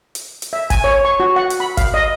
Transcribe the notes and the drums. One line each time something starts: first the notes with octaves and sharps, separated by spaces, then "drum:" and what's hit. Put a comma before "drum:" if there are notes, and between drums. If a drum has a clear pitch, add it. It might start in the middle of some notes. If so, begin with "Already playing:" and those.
drum: hi-hat
drum: hi-hat
E5
G#5, drum: kick G#1, hi-hat
C#5
C#6
F#4
F#5
drum: hi-hat
B5
F5, drum: kick G#1, hi-hat
D#5